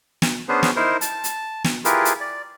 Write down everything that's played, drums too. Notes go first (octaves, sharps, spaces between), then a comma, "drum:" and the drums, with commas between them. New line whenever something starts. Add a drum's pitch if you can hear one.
drum: snare
B3 C#4 D4 G#4 B4 C5
drum: snare
D#4 E4 A#4 C5
A5, drum: hi-hat
drum: hi-hat
drum: snare
E4 F4 G4 G#4 A#4 B4, drum: hi-hat
drum: hi-hat
D5